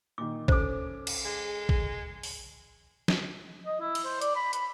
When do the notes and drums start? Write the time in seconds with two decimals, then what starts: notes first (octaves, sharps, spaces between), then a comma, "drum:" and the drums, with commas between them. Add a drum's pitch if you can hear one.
0.18 A#2 D#3 D6
0.48 C#4 A4 C5 D6, drum: kick A1
1.07 drum: cymbal
1.25 G#3 G#4
1.69 drum: kick A1
2.23 drum: open hi-hat
3.08 drum: snare
3.66 D#5
3.80 E4
3.95 drum: cymbal
4.05 C5
4.22 D5, drum: hi-hat
4.36 B5
4.53 B5, drum: hi-hat